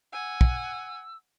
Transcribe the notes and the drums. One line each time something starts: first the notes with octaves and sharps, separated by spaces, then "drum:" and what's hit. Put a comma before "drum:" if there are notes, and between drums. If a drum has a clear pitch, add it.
F#5 G#5 E6
drum: kick